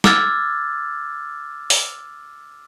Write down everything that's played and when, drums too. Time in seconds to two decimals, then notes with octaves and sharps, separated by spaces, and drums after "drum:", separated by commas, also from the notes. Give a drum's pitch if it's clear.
0.04 D6 E6 F6 G#6 A6, drum: snare
1.70 drum: open hi-hat